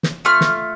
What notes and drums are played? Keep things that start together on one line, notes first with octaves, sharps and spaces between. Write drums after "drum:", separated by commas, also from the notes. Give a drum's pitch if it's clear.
drum: snare
A3 F4 F6
drum: snare